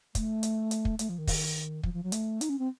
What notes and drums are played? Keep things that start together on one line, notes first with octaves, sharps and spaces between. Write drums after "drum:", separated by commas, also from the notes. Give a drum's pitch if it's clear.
A3, drum: kick, hi-hat
drum: hi-hat
drum: hi-hat
drum: kick
A3, drum: hi-hat
F3
D#3
drum: kick, open hi-hat
F3, drum: kick
F3
F#3
A3, drum: hi-hat
D#4, drum: hi-hat
C#4
C4